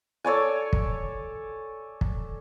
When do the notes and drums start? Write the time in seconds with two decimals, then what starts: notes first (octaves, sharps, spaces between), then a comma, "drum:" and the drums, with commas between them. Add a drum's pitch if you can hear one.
0.24 A4 C#5 D5 G#5
0.73 drum: kick
2.01 drum: kick